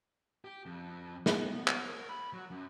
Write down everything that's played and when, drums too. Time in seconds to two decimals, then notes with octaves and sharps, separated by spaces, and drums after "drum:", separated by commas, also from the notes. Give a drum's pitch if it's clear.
0.45 G4
0.66 F2
1.26 B3, drum: snare
1.68 drum: clap
1.87 A#4
2.09 B5
2.33 F#3
2.51 F#2